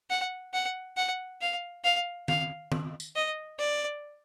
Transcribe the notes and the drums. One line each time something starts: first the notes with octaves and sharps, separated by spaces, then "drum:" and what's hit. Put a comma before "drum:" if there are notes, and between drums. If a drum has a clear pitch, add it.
F#5
F#5
F#5
F5
F5
F5, drum: tom D#3
drum: tom D#3
drum: tambourine
D#5
D5